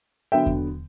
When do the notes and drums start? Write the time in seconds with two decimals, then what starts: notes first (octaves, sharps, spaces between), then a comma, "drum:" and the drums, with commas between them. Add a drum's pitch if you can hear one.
0.32 D3 F#3 B3 E5 G5
0.46 drum: kick E2